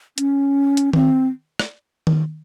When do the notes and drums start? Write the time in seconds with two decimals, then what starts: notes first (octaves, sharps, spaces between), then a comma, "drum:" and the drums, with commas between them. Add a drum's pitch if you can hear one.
0.18 C#4, drum: hi-hat
0.77 drum: hi-hat
0.93 C4, drum: tom D#3
1.59 drum: rim click
2.07 drum: tom D#3